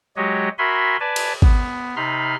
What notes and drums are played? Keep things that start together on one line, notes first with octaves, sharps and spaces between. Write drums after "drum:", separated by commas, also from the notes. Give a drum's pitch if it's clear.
F#3 G#3 F#4 G4 C#5 D#5
F#4 A#4 E5 G#5 B5 C6
B4 D5 G#5 A5
drum: cymbal
B3, drum: kick
C3 D#4 B5 C6 F6